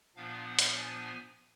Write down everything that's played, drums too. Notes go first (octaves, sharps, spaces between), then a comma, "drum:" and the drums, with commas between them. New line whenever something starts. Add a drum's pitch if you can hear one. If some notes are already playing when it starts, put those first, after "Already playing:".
A#2 F3 B3 D4 F5
F#5
drum: hi-hat
G#5